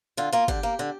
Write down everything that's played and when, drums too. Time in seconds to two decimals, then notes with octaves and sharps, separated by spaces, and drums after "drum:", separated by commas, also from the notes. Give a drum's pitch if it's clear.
0.17 D3 F4
0.32 A#3 F4
0.48 D3 G4, drum: kick
0.63 A#3
0.79 D3